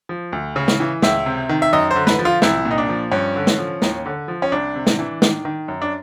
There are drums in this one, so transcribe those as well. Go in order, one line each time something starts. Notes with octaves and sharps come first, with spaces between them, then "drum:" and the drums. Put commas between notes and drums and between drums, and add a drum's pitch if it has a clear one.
F3
D2
C#3
drum: snare
E3
C#2 E5, drum: snare
C3
D#3
E5
F#2 D#5
C5
D3
B4, drum: snare
F3
F4
C2 E4, drum: snare
A#2
D#4
D4
F3
G2 C#4
D3
drum: snare
F3
D#2, drum: snare
D3
F3
C#4
C2 D4
C3
drum: snare
E3
D#3, drum: snare
D#3
F#2
D4